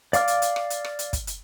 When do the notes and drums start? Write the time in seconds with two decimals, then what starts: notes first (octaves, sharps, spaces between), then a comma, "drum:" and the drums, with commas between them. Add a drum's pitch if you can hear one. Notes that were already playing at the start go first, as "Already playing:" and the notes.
0.13 D5 F5 D6 F6, drum: hi-hat
0.28 drum: hi-hat
0.42 drum: hi-hat
0.56 drum: rim click
0.70 drum: hi-hat
0.85 drum: rim click
0.99 drum: hi-hat
1.13 drum: kick, hi-hat
1.27 drum: hi-hat